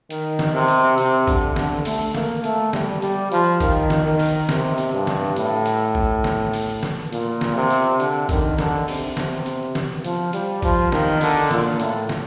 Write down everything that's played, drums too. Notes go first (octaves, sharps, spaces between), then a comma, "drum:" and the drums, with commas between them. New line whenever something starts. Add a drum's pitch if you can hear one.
D#3, drum: hi-hat
drum: snare
C3
drum: hi-hat
C3, drum: hi-hat
D3, drum: kick, hi-hat
D3, drum: snare
A3, drum: open hi-hat
A#3, drum: snare
A3, drum: hi-hat
G3, drum: snare
G3, drum: hi-hat
F3, drum: hi-hat
D#3, drum: kick, hi-hat
drum: snare
D#3
drum: open hi-hat
C3, drum: snare
drum: hi-hat
G2
drum: snare
A2, drum: hi-hat
drum: hi-hat
drum: kick
drum: snare
drum: open hi-hat
drum: snare
A#2, drum: hi-hat
drum: snare
C3
drum: hi-hat
D3, drum: hi-hat
D#3, drum: kick, hi-hat
D3, drum: snare
C3, drum: open hi-hat
drum: snare
C3
drum: hi-hat
drum: snare
F3, drum: hi-hat
G3, drum: hi-hat
F3, drum: kick, hi-hat
D#3, drum: snare
D3, drum: open hi-hat
A#2, drum: snare
A2, drum: hi-hat
drum: snare